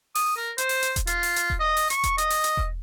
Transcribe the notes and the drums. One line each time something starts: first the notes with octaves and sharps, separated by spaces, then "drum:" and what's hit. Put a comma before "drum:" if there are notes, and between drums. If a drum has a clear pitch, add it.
D#6, drum: open hi-hat
A#4
C5, drum: hi-hat
drum: open hi-hat
drum: hi-hat
drum: kick E1, hi-hat
F4, drum: hi-hat
drum: open hi-hat
drum: hi-hat
drum: kick E1
D#5
drum: open hi-hat
C#6, drum: hi-hat
drum: kick E1, hi-hat
D#5, drum: hi-hat
drum: open hi-hat
drum: hi-hat
drum: kick E1